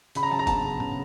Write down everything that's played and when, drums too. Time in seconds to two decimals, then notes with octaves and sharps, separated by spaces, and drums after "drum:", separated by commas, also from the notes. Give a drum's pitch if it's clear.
0.15 C#3 B5, drum: hi-hat
0.23 A#5
0.31 F#3 A5
0.39 A#5
0.47 B3 A5, drum: kick F#1, hi-hat
0.64 C#3
0.80 C#3, drum: tom A2